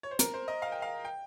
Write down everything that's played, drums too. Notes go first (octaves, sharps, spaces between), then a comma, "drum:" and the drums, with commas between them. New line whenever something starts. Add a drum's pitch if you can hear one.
C#5
C5
A#4, drum: hi-hat
C5
D#5
F5
G5
F5
G5